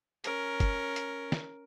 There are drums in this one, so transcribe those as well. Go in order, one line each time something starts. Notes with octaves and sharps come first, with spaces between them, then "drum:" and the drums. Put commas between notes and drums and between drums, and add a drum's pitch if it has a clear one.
C#4 A#4, drum: hi-hat
drum: kick F#1, hi-hat
drum: hi-hat
drum: snare